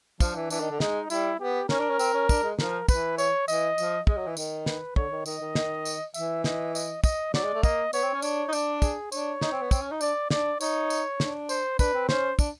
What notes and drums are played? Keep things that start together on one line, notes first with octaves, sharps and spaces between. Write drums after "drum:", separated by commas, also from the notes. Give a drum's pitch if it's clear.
F3 D4, drum: kick, tambourine
E3
E3 D4, drum: tambourine
D#3
D3
G#3 D#4, drum: snare
G3 E4, drum: tambourine
B3 G4
C#4 A#4, drum: snare
D4
C#4
C4, drum: tambourine
C#4
D4, drum: kick, tambourine
G#3
F3 A#4, drum: snare
E3 B4, drum: kick, tambourine
C#5, drum: tambourine
E3 D#5, drum: tambourine
F3, drum: tambourine
G#3 D#5, drum: kick
F#3
E3
D#3, drum: tambourine
B4, drum: snare
D3 C#5, drum: kick
D#3
D#3 D#5, drum: tambourine
D#3
D#3, drum: snare
drum: tambourine
E3 E5, drum: tambourine
D#5, drum: snare
D#5, drum: tambourine
D#5, drum: kick, tambourine
F#3 D5, drum: snare
G#3
A3
A#3 D#5, drum: kick, tambourine
B3 C#5, drum: tambourine
C4
C#4
D4 C#5, drum: tambourine
D#4
D4 D5, drum: tambourine
G#4, drum: kick, tambourine
D4 C#5, drum: tambourine
D#4, drum: snare
C4
B3
C4, drum: kick, tambourine
C#4
D#4
D4 D5, drum: tambourine
D4 D5, drum: snare
D#4 C#5, drum: tambourine
drum: tambourine
D4, drum: snare
C5, drum: tambourine
D4 B4, drum: kick, tambourine
C4
C#4 C5, drum: snare
D4, drum: kick, tambourine